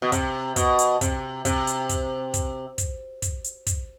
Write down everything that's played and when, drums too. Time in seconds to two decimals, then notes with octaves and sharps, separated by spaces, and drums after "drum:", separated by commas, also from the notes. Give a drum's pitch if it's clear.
0.02 B2
0.12 C3, drum: kick, hi-hat
0.56 B2, drum: kick, hi-hat
0.79 drum: hi-hat
1.01 C3, drum: kick, hi-hat
1.45 C3, drum: kick, hi-hat
1.67 drum: hi-hat
1.89 drum: kick, hi-hat
2.34 drum: kick, hi-hat
2.78 drum: kick, hi-hat
3.22 drum: kick, hi-hat
3.44 drum: hi-hat
3.67 drum: kick, hi-hat